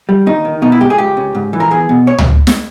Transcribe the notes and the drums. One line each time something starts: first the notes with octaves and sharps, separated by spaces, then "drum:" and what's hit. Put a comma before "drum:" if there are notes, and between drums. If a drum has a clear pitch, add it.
G3
D#2 D#4
D#3
B2 D#4
E4
G#3 G4
G#4
C#2 G4
C#3
G#2
E3
A#4
E2 G#4
B2
C#5
drum: tom C#2
drum: snare